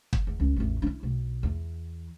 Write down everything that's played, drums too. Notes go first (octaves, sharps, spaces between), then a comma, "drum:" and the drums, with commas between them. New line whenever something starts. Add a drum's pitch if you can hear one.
drum: kick
E2
C#2
A1 E2
D4 E4
B1
E2